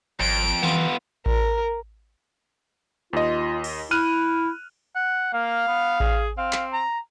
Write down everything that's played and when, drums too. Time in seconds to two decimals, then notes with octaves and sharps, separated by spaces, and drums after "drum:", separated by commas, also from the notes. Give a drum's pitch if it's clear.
0.20 G#1 F2 D7
0.63 E3 B3 F4
1.26 A#4, drum: kick A1
3.13 D#2 F4 D#5
3.64 drum: cymbal
3.91 E4 F6 F#6 D#7
4.95 F#5
5.33 A#3 F5
5.68 B3
6.00 G#4, drum: kick A1
6.38 C4 F5
6.53 drum: clap
6.73 A#5